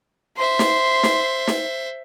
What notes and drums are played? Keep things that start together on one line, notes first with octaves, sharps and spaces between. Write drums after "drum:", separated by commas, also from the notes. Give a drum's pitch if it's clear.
C5 E5 C6
drum: snare
drum: snare
drum: snare